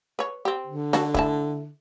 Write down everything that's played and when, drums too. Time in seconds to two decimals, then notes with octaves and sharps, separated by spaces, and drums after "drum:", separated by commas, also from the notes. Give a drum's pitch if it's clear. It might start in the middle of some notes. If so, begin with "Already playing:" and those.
0.19 B4 C#5
0.45 C4 G4
0.67 D3
0.93 F#4 A4, drum: snare D4
1.14 A3 E4 A5, drum: kick